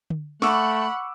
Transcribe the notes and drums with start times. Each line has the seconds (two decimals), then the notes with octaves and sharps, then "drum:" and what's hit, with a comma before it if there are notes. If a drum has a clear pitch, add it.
0.10 drum: tom D3
0.42 A3 F#5 B5 C#6 D6 E6, drum: snare